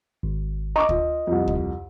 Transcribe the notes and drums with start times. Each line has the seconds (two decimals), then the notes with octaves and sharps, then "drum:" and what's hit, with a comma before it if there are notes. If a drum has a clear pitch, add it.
0.23 G#1
0.76 D#5 A#5 C#6 D6
0.89 F4, drum: kick
1.27 C2 F2
1.48 drum: kick